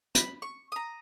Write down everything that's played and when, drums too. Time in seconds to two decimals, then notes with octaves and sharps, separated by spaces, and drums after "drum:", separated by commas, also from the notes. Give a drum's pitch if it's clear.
0.15 B5, drum: hi-hat
0.42 C#6
0.72 A#5 D#6